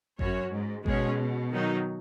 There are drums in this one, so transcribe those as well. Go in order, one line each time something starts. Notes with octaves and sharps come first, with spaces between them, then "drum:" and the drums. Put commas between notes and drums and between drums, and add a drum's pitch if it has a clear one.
F#2 C#4 F#4 C#5, drum: kick G#1
G#2
B2 G#3 C#4 G#4 C#5, drum: kick G#1
D#3 F#3 D#4